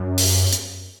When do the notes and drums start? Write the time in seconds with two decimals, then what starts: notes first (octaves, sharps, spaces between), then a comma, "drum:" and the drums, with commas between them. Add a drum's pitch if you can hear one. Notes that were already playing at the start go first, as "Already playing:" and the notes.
Already playing: F#2
0.18 drum: open hi-hat
0.53 drum: hi-hat